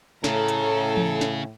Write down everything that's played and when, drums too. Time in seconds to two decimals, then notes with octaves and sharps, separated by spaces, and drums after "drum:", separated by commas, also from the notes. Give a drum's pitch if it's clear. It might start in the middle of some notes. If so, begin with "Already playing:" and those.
0.24 A2 C#3 A4 A#5, drum: snare
0.48 drum: hi-hat
0.97 drum: tom E3
1.21 drum: snare